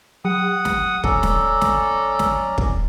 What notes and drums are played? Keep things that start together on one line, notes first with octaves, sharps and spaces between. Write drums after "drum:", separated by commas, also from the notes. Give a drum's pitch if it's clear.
F#3 F#5 D#6
drum: snare
C#4 A4 D5 A#5, drum: kick
drum: snare
drum: snare
drum: snare
drum: kick